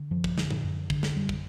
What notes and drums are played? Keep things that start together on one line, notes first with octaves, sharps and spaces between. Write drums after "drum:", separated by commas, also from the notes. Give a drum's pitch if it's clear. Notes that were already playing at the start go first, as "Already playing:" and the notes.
Already playing: D3
F#2 F3
drum: kick
D3, drum: snare
drum: tom A2
F#2
D3, drum: kick
drum: snare
F#2 G3
drum: kick